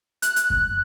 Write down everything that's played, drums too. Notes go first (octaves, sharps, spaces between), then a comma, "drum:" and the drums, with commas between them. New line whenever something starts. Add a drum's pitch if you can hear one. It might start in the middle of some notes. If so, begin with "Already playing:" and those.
F#6, drum: hi-hat
drum: hi-hat
drum: kick F#2